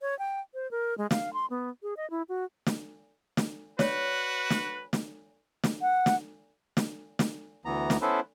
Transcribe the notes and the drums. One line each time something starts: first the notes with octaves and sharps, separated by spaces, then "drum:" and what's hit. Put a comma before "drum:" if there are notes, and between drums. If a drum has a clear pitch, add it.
C#5
G5
C5
A#4
G#3
F5, drum: snare
C6
B3
G#4
D#5
E4
F#4
drum: snare
drum: snare
F#4 B4 C#5 D5, drum: snare
drum: snare
drum: snare
drum: snare
F#5
drum: snare
drum: snare
drum: snare
D2 E3 B3 A#5
drum: snare
B3 C#4 E4 A4 B4 C5